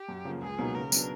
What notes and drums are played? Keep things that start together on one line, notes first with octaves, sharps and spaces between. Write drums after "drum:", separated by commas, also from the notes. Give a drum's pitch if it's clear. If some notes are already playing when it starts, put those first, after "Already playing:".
Already playing: G4
F#2
C#3 F3 A#3
C#2 G#4
B2 F#3 A#3 D#4
C#3 A#4
F#3 B3 D4, drum: tambourine